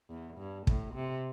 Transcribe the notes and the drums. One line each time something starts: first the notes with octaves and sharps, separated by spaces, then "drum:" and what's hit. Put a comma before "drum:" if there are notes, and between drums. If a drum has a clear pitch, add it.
E2
G2
A2, drum: kick
C3